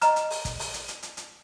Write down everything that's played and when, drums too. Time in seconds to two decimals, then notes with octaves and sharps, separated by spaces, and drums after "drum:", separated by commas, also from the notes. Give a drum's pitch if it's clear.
0.01 D#5 A#5 F6, drum: hi-hat
0.16 drum: hi-hat
0.30 drum: open hi-hat
0.45 drum: kick, hi-hat
0.59 drum: open hi-hat
0.74 drum: hi-hat
0.88 drum: hi-hat
1.03 drum: hi-hat
1.17 drum: hi-hat